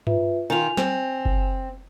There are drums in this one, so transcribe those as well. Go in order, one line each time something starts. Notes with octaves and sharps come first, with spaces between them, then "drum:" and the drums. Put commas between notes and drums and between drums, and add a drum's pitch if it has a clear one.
F4 B4 E5, drum: tom G2
D#3 F4 G#5 F7
C4, drum: snare
drum: kick F#1